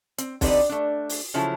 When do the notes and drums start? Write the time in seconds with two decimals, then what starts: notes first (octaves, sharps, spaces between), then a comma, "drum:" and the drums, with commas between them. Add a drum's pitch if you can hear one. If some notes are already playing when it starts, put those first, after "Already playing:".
0.18 C4, drum: hi-hat
0.41 D3 C4 D#4 G4 B4 D5, drum: kick B1, open hi-hat
0.69 A3 D4
1.09 drum: open hi-hat
1.34 C#3 F3 F#3 E4 A4